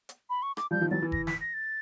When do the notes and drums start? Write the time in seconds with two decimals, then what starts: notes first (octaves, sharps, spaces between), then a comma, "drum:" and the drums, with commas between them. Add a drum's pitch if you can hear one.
0.09 drum: hi-hat
0.30 B5
0.42 C#6
0.57 D6, drum: rim click
0.71 F3 G3 G6
0.81 D#3 F3
0.91 E3 F#3 A6
1.02 E3
1.12 A#6, drum: kick F1
1.27 B6, drum: snare
1.41 A#6
1.54 A6